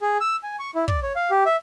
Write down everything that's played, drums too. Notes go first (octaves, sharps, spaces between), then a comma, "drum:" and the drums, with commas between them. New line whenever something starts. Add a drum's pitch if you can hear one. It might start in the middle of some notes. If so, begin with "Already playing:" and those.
G#4
E6
G#5
C#6
E4
D5, drum: kick
C#5
F5
G4
E5